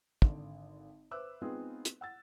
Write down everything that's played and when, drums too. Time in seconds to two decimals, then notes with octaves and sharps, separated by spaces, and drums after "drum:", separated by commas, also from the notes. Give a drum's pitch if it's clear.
0.22 G#1 D3, drum: kick
1.11 B4 C5 E5 D6 E6 F#6
1.42 G#3 B3 C4 D#4 F4 G#4
1.85 drum: hi-hat
2.01 F#5 E6 A6